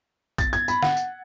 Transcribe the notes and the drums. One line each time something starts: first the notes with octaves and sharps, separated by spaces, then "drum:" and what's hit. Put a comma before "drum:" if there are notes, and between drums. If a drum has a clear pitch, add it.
A6, drum: kick, tambourine
G#6, drum: tambourine
B5, drum: tambourine
F#5, drum: snare
drum: tambourine